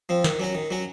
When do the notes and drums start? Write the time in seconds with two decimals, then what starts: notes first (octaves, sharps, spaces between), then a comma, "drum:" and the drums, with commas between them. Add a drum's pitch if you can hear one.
0.09 F3 C4
0.24 D#3, drum: snare
0.40 F#3 C#4 F#4
0.55 D#3
0.71 F#3 C#4 F#4